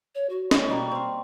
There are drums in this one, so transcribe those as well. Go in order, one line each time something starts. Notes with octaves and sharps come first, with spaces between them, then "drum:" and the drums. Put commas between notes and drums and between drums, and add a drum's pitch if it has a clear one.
C#5
F#4
C#6, drum: snare
B2 G3 A#3
C4 F5